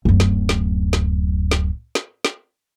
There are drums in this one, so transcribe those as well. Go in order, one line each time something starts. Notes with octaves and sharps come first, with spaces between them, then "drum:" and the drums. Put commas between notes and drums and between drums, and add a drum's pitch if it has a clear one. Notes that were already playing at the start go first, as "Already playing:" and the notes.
D1 F#2
drum: snare
drum: snare
drum: snare
drum: snare
drum: snare
drum: snare